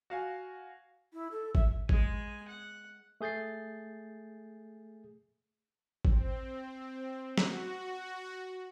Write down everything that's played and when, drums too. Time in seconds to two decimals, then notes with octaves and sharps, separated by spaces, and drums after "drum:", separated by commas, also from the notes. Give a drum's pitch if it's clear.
0.10 F#4 F5 G#5
1.13 E4
1.32 A4
1.55 E5, drum: kick G#1
1.89 G#3 G#5, drum: kick G#1
2.48 F#5
3.21 A3 G#4 G6 A6 C7
6.05 C4, drum: kick G#1
7.38 F#4, drum: snare